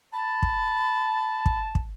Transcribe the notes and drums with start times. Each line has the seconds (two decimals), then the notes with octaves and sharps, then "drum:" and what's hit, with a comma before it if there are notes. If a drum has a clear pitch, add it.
0.13 A5 B5
0.43 drum: kick
1.46 drum: kick
1.75 drum: kick